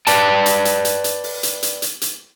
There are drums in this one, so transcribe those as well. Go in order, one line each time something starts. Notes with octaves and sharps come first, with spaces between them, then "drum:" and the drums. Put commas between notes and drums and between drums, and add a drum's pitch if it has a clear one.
B4 D5 G5 A5, drum: hi-hat
drum: hi-hat
drum: hi-hat
drum: hi-hat
drum: hi-hat
drum: open hi-hat
drum: hi-hat
drum: hi-hat
drum: hi-hat
drum: hi-hat